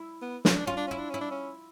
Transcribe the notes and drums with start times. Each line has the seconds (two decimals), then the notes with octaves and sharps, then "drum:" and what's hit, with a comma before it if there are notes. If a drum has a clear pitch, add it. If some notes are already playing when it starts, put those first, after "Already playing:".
Already playing: E4
0.22 B3
0.45 C#4, drum: snare
0.56 D4
0.66 C#4 F4
0.77 D4
0.88 C#4 E4
0.99 D4
1.10 C#4 E4
1.21 D4
1.31 C#4